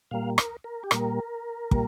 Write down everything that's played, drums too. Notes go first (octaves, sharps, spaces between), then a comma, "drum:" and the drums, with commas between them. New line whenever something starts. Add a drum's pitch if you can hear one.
A#2 G3 A#3 F5
A#4, drum: rim click
A#4
G4
A#2 G3 A#3 A#4, drum: rim click
A#2 G3 A#3, drum: kick